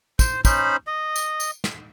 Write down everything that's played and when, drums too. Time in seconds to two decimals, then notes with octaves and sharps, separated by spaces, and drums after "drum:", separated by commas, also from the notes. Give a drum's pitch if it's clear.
0.19 C5, drum: kick, tambourine
0.45 C#4 D#4 C5 B5, drum: kick, tambourine
0.87 D#5
1.16 drum: tambourine
1.40 drum: tambourine
1.64 drum: snare